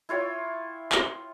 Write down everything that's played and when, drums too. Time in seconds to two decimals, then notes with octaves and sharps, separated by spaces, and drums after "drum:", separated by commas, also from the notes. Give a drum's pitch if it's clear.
0.09 E4 F4 C#5 G5
0.92 drum: clap